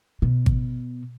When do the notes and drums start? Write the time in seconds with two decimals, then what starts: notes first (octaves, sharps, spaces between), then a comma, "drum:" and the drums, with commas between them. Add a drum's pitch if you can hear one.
0.22 B2
0.46 drum: kick G#1